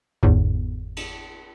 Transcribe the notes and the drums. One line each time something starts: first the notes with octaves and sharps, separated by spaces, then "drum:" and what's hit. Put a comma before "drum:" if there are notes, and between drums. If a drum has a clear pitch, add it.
G1 E2 G#2, drum: kick C#2
drum: cymbal